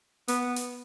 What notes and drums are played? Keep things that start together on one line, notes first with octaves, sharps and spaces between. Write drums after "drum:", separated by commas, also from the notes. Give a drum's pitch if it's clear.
B3, drum: hi-hat
drum: hi-hat